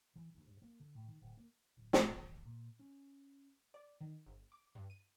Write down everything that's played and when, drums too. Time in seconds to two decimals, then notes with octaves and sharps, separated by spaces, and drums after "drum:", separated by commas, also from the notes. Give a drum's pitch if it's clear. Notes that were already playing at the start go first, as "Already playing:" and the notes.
0.16 E3
0.35 D2
0.47 G2
0.62 A#3
0.80 D3
0.95 A2
1.08 D#3
1.21 D1
1.37 A#3
1.77 D1
1.93 A2, drum: snare
2.16 D#2
2.45 A#2
2.79 C#4
3.74 D5
4.01 D#3
4.26 G1
4.52 D6
4.75 G2
4.90 D#7